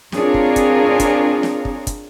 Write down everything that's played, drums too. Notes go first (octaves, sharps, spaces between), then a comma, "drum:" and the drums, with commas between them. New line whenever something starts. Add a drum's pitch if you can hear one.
C4 D4 F4 G#4 A#4 C#5, drum: snare
drum: kick
drum: kick, hi-hat
drum: kick, hi-hat
drum: snare
drum: kick
drum: kick, hi-hat